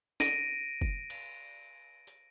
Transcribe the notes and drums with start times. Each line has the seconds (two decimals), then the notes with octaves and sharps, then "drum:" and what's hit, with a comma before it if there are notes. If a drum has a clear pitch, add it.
0.20 A#6 D7 D#7, drum: snare
0.81 drum: kick
1.10 drum: cymbal
2.07 drum: hi-hat